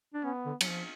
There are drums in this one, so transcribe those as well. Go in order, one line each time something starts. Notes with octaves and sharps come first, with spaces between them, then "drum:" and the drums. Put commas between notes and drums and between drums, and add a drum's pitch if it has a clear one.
D4
B3 C#4
D3
F#3, drum: cymbal
F3